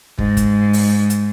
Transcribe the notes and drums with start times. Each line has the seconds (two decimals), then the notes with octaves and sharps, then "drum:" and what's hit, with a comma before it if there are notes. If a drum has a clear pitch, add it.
0.19 G#2, drum: kick
0.37 drum: kick, hi-hat
0.73 drum: open hi-hat
1.10 drum: hi-hat